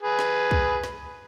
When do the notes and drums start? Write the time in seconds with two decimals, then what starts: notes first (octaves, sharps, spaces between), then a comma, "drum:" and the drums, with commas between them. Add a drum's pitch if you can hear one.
0.03 G#4 B4
0.19 drum: snare
0.51 drum: kick
0.84 drum: snare